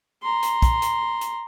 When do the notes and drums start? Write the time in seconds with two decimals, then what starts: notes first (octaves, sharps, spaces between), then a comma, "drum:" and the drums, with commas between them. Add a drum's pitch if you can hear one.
0.23 A#5 C6
0.43 drum: hi-hat
0.62 drum: kick, hi-hat
0.82 drum: hi-hat
1.21 drum: hi-hat